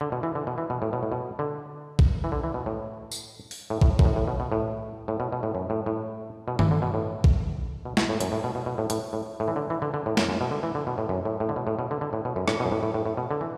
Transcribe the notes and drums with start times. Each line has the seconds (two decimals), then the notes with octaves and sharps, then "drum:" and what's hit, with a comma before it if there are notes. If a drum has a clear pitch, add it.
0.01 D3
0.12 B2
0.23 E3
0.35 D3
0.47 B2
0.58 E3
0.70 B2
0.82 A2
0.93 B2
1.03 A2
1.12 B2
1.39 D3
1.99 drum: kick
2.24 E3
2.32 D3
2.44 E3
2.54 B2
2.66 A2
3.12 drum: tambourine
3.51 drum: open hi-hat
3.70 A2
3.81 A2, drum: kick
3.99 F#2, drum: kick
4.05 A2
4.16 A2
4.28 B2
4.40 B2
4.52 A2
5.08 A2
5.20 B2
5.32 B2
5.43 A2
5.55 F#2
5.70 A2
5.86 A2
6.48 B2
6.59 E3, drum: tom
6.71 D3
6.82 B2
6.94 A2
7.24 drum: kick
7.85 B2
7.97 B2, drum: snare
8.09 A2
8.21 F#2, drum: hi-hat
8.32 A2
8.44 B2
8.55 B2
8.66 B2
8.78 A2
8.90 A2, drum: hi-hat
9.13 A2
9.40 A2
9.48 E3
9.56 D3
9.70 E3
9.82 D3
9.94 D3
10.06 A2
10.17 F#2, drum: snare
10.29 F#2
10.41 B2
10.51 D3
10.63 E3
10.75 D3
10.87 B2
10.98 A2
11.09 F#2
11.25 A2
11.40 A2
11.49 D3
11.56 B2
11.67 A2
11.79 B2
11.91 D3
12.01 D3
12.13 A2
12.25 B2
12.36 F#2
12.48 A2, drum: rim click
12.60 B2
12.66 F#2
12.72 A2
12.83 A2
12.94 A2
13.06 A2
13.17 B2
13.31 D3
13.41 E3